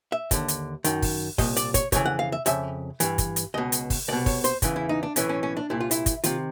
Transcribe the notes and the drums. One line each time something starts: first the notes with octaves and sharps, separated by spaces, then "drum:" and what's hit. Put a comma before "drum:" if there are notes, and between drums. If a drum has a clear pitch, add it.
E5
D#2 D3, drum: kick, hi-hat
drum: hi-hat
F#2 D#3, drum: hi-hat
drum: kick, open hi-hat
C2 A#2 D#5, drum: kick, open hi-hat
D5, drum: hi-hat
C#5, drum: kick, hi-hat
F2 C#3 E3 C#5, drum: kick, hi-hat
F#5
F5
E5
F2 C#3 E5, drum: hi-hat
G2 E3, drum: hi-hat
drum: kick, hi-hat
drum: hi-hat
C#2 B2 D#5
drum: hi-hat
drum: kick, open hi-hat
C2 B2 D5
C#5, drum: kick, open hi-hat
C5, drum: hi-hat
E2 C#3 E3, drum: kick, hi-hat
E4
D#4
D4
B1 A2 E3 C#4, drum: hi-hat
C#4
C#4
D4
C2 A#2 E4
F4
E4, drum: hi-hat
drum: kick, hi-hat
C3 D#3 F4, drum: hi-hat